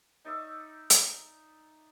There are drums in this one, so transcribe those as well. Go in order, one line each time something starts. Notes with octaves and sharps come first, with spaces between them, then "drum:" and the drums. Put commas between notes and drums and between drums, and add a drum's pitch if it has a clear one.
D#4 D5 E5 C#6
drum: hi-hat